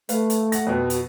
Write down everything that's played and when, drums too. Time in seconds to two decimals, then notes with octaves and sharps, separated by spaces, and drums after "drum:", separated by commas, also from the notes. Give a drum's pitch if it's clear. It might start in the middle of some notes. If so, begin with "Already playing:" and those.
0.09 A3 B4 F5, drum: hi-hat
0.30 drum: hi-hat
0.52 F#5 A#6, drum: hi-hat
0.67 F2 B2
0.90 F#4, drum: hi-hat